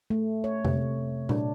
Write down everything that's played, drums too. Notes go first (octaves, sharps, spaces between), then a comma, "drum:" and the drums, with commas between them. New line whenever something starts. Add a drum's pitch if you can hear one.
A3
C#5
C3, drum: tom F2
D4, drum: tom A#2